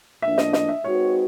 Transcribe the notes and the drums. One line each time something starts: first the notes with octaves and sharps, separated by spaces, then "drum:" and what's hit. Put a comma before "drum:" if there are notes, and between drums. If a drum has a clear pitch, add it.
A2 F3 A#3 D4 E5
D#5, drum: snare
D#5, drum: snare
E5
G#3 C4 D#4 F#4 B4 C#5